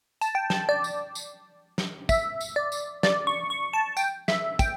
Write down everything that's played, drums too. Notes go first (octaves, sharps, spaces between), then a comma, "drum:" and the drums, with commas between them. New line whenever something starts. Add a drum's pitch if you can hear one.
A5, drum: tambourine
G5
A5, drum: snare
D5
drum: tambourine
drum: tambourine
drum: snare
E5, drum: kick, tambourine
drum: tambourine
D5
drum: tambourine
D5, drum: snare
C#6
C#6
A5
G5, drum: tambourine
E5, drum: snare
G5, drum: kick, tambourine